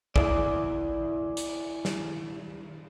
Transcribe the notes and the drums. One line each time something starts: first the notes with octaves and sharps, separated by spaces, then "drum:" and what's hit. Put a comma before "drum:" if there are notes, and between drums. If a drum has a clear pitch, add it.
E4 G#4 D5, drum: kick A1
drum: hi-hat
drum: snare